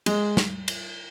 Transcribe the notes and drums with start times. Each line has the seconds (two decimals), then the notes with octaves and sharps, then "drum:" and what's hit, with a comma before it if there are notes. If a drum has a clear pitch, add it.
0.06 G#3, drum: cymbal
0.37 drum: snare
0.68 drum: cymbal